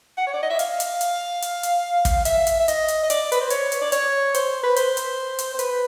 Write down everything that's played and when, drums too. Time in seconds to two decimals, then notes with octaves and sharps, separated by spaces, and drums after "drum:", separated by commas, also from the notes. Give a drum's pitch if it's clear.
0.18 F#5
0.27 C#5
0.34 D5
0.43 D#5
0.50 E5
0.59 F5, drum: hi-hat
0.80 drum: hi-hat
1.01 drum: hi-hat
1.42 drum: hi-hat
1.63 drum: hi-hat
2.05 drum: kick, hi-hat
2.25 E5, drum: hi-hat
2.47 drum: hi-hat
2.60 E5
2.68 D#5, drum: hi-hat
2.88 drum: hi-hat
3.03 D#5
3.10 D5, drum: hi-hat
3.32 B4, drum: hi-hat
3.41 C5
3.50 C#5, drum: hi-hat
3.72 drum: hi-hat
3.81 D5
3.92 C#5, drum: hi-hat
4.34 C5, drum: hi-hat
4.63 B4
4.76 C5, drum: hi-hat
4.97 drum: hi-hat
5.39 drum: hi-hat
5.54 C5
5.59 B4, drum: hi-hat